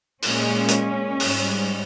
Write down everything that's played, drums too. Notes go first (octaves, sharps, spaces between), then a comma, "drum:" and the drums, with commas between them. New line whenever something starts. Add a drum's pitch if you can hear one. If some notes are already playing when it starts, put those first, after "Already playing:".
A#2 G#3 C#4, drum: open hi-hat
drum: hi-hat
G#2 G3, drum: open hi-hat